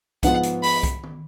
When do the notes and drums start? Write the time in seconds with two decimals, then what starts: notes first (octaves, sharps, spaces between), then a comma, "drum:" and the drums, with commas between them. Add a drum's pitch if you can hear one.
0.23 G#2 F3 B3 F4 F#5, drum: kick C2, hi-hat
0.43 drum: hi-hat
0.63 B5, drum: open hi-hat
0.83 drum: kick C2, hi-hat
1.03 drum: tom